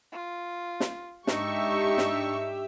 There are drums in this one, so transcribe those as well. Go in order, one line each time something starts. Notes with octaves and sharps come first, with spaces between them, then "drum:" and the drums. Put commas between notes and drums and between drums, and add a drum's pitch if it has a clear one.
F4
drum: snare
G#2 D4 D#4 G4 E5 C#6, drum: snare
drum: snare